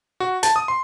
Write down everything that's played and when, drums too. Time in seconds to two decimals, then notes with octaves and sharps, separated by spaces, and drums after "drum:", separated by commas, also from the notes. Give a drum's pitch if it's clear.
0.20 F#4
0.43 A5, drum: hi-hat
0.56 D#6
0.68 C6